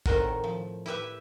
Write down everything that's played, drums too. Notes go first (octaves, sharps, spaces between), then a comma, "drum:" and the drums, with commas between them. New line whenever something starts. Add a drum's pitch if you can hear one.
A2 D#3 C4 A#4 F#5, drum: kick G1
F3
E4 G4 B4 E5